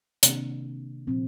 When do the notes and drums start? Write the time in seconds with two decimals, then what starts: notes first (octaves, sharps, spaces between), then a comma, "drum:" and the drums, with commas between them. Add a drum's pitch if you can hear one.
0.23 C3 D#3 A#3 D4, drum: hi-hat
1.07 A#2 F3 C4